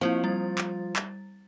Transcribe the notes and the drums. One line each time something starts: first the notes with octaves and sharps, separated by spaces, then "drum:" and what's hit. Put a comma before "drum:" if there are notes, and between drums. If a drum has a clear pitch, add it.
F3 A#3 C4 E4
G3 A6
drum: clap
drum: clap